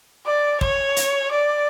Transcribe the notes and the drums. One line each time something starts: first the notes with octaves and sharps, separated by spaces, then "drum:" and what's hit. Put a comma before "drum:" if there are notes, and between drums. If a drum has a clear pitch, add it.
D5
C#5, drum: kick
drum: hi-hat
D5